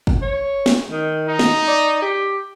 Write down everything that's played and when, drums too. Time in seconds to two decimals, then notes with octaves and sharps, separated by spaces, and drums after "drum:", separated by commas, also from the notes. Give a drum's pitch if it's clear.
0.07 drum: kick
0.22 C#5
0.66 drum: snare
0.91 D#3
1.28 D#4
1.39 drum: snare
1.67 D5
2.02 G4